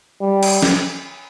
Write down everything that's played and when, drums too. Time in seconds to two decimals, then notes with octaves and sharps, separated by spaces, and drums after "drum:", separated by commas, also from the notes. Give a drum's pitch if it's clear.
0.21 G3
0.43 drum: cymbal
0.63 drum: snare